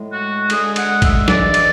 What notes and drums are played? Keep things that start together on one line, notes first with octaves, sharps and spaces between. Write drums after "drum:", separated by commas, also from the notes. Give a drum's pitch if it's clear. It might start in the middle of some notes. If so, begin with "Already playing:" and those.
Already playing: A2 G#3
F#4
D3 G#3 G#4, drum: cymbal
F#5, drum: cymbal
E5, drum: kick, cymbal
C#3 E3 G#3 D5, drum: snare
drum: cymbal